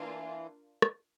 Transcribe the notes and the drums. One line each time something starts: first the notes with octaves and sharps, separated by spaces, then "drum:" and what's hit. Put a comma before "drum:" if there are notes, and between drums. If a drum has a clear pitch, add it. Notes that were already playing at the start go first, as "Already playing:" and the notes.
Already playing: E3 A#3 D4 F4
drum: rim click